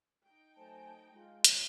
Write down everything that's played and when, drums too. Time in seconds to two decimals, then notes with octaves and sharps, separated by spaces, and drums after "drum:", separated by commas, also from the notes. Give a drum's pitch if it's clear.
0.24 D#4 G5
0.58 F#3 A3 C5 G#5 A5
1.13 G#3 F4
1.44 drum: hi-hat